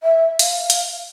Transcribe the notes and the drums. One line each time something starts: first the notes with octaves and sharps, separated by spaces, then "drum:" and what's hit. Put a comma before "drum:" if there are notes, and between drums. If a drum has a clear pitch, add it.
E5
F5, drum: hi-hat
drum: hi-hat